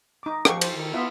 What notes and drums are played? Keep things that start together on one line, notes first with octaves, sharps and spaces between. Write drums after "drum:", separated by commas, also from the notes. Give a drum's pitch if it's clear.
D#4 D6
F3 G4 F5 C#6, drum: rim click
C5, drum: cymbal
D#3
B3 F4 E5